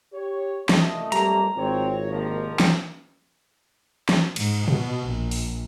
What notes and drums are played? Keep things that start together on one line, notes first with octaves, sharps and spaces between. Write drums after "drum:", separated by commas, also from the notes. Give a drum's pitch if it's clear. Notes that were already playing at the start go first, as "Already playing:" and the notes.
G4 C#5
C2 F3 A3 D#5, drum: snare
F2 F#3 G3 A#3 A#5, drum: hi-hat
G#1 C4 F4 C5 C#5
C2 D#3 F3 A#3
drum: snare
drum: snare
G#2, drum: cymbal
B2, drum: tom A#2
A#1
drum: open hi-hat